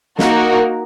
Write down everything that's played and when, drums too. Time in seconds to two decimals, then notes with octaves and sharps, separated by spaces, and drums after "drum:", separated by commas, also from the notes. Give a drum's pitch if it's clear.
0.19 A#3 D#4 F#4 A#4, drum: snare